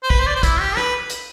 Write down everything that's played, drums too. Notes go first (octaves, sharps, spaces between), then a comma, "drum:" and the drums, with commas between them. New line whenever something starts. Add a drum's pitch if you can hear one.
C5
B4, drum: kick
C5
D5
C5
E4, drum: kick, hi-hat
G4
B4, drum: rim click
drum: hi-hat